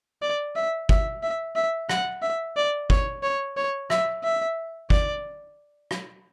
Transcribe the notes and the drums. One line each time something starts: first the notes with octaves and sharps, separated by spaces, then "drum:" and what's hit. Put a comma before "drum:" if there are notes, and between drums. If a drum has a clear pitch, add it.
D5
E5
E5, drum: kick
E5
E5
F#5, drum: rim click
E5
D5
C#5, drum: kick
C#5
C#5
E5, drum: rim click
E5
D5, drum: kick
drum: rim click